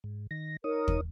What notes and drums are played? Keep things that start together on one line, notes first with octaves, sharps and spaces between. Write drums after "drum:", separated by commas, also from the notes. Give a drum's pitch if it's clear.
G#2
D#3 A#6
D#4 A#4 C#5 D#6
drum: kick